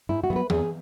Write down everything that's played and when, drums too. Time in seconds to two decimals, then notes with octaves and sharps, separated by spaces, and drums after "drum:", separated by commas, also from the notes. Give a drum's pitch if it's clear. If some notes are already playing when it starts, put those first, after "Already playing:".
0.09 G#2 E4
0.24 F#4
0.30 F#3 B3
0.36 B4
0.50 E2 G#4, drum: tom E3